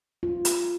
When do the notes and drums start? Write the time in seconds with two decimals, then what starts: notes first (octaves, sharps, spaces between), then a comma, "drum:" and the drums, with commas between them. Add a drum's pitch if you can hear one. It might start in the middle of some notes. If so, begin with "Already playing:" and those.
0.23 F4
0.45 drum: hi-hat